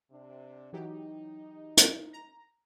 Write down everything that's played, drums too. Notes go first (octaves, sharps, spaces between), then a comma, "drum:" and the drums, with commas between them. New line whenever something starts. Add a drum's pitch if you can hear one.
C3 D4
E3 F#3 D#4 G4
drum: hi-hat
A#5